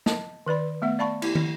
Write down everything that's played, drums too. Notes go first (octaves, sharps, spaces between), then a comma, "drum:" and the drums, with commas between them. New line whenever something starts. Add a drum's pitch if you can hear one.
D#5 A5, drum: snare
D#3 B4 D5 B5
A3 B3 E5 F#5
D5 F5 A5 B5 C#6
E4 G4, drum: cymbal
drum: tom